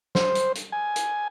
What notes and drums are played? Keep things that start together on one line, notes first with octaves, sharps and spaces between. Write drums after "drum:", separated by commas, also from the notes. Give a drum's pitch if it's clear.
C5, drum: snare
drum: hi-hat
drum: hi-hat
G#5
drum: hi-hat